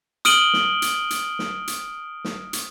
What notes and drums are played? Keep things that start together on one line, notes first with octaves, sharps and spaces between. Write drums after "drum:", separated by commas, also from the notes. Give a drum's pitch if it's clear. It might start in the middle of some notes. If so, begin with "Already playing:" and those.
D#6 F6 D7 D#7 F#7 G7, drum: hi-hat
drum: snare
drum: hi-hat
drum: hi-hat
drum: snare
drum: hi-hat
drum: snare
drum: hi-hat